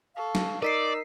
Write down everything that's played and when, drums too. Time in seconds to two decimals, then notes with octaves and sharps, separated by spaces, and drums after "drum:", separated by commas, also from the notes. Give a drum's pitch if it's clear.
0.16 A4 F5 C#6
0.35 drum: snare
0.62 D#4 A#4 D5 E6 B6 C7